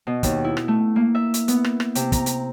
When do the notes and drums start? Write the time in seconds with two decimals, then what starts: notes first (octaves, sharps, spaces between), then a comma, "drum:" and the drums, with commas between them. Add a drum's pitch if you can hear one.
0.07 B2
0.23 D#2, drum: kick, hi-hat
0.44 E4
0.57 drum: rim click
0.68 A3
0.96 A#3
1.15 E5
1.34 drum: hi-hat
1.48 B3, drum: hi-hat
1.64 drum: rim click
1.80 drum: rim click
1.95 C3, drum: hi-hat
2.12 A#5, drum: kick, hi-hat
2.26 drum: hi-hat